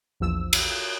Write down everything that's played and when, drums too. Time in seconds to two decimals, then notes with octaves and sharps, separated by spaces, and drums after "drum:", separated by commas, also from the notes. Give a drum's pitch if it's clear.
0.20 A#1 E2 F3 E6
0.53 drum: cymbal